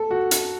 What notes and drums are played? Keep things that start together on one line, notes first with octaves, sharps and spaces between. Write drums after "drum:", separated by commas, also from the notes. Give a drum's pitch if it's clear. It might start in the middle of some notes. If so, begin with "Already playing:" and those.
Already playing: A4
F#4
drum: hi-hat